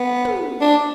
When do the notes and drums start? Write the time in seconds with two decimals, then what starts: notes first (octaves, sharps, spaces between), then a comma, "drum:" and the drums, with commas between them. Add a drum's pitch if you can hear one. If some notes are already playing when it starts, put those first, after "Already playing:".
Already playing: B3
0.25 drum: tom
0.61 D4